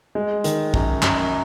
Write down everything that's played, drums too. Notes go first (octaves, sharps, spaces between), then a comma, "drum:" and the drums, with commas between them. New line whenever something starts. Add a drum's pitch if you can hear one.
G#3
D#3, drum: hi-hat
F#2, drum: kick
F#2, drum: clap